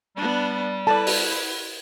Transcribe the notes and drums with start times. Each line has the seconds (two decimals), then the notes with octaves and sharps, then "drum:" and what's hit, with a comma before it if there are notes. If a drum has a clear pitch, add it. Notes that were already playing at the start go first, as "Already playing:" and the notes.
0.17 G3 B3 D4
0.87 E4 A4 B4 D5 A5
1.07 drum: open hi-hat